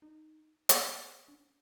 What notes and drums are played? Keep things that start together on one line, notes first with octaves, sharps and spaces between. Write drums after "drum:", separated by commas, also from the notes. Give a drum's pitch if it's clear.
D#4
drum: hi-hat
D4